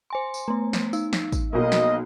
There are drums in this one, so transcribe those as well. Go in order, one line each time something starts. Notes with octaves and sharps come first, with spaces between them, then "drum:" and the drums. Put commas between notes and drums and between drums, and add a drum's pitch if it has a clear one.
C5 G#5 C6
drum: tambourine
A3 B3
drum: snare
D#4, drum: tambourine
drum: snare
drum: kick, tambourine
B1 A#3 D#5
drum: snare